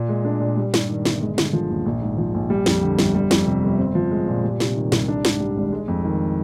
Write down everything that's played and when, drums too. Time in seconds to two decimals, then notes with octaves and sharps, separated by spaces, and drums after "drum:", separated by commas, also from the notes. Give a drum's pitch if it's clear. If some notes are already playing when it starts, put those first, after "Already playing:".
Already playing: A#2
0.09 G#3
0.25 D4
0.41 A#2
0.57 G3
0.74 G2, drum: snare
0.89 D#3
1.05 G1, drum: snare
1.22 G#3
1.38 D3, drum: snare
1.53 F3
1.70 D#2
1.86 A#1
2.02 G#2
2.18 F3
2.34 A#1
2.50 G3
2.66 F2, drum: snare
2.82 D3
2.99 G1, drum: snare
3.15 G3
3.31 F2, drum: snare
3.47 C3
3.63 G1
3.79 C4
3.95 F3
4.11 G#3
4.28 A#2
4.43 G3
4.60 C3, drum: snare
4.75 D#3
4.92 C2, drum: snare
5.08 D4
5.25 G#2, drum: snare
5.40 G3
5.56 G#1
5.72 G#3
5.88 F2
6.05 D#3